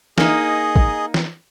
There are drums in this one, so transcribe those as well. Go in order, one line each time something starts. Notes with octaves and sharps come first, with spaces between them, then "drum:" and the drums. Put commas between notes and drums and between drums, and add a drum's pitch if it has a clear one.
A#3 D#4 G#4 D#5, drum: snare E3
drum: kick
drum: snare E3